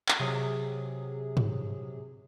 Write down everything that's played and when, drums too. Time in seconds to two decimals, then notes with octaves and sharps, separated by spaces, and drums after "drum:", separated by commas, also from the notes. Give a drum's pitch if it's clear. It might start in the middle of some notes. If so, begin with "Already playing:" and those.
0.08 drum: clap
0.20 C3 F#3 G#4
1.37 drum: tom